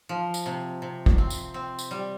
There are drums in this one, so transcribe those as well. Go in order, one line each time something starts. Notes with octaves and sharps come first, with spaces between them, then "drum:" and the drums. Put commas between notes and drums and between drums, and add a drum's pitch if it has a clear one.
F3
drum: tambourine
C3
C3
drum: kick
C4
drum: tambourine
C4
drum: tambourine
G3